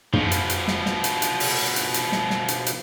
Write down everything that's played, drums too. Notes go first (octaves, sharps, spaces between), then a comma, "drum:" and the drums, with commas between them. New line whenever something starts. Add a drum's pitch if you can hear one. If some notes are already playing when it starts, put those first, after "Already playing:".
B2 F3, drum: tom
drum: hi-hat
drum: hi-hat
drum: snare
drum: snare
drum: hi-hat
drum: hi-hat
drum: open hi-hat
drum: hi-hat
drum: hi-hat
drum: snare
drum: snare
drum: hi-hat
drum: hi-hat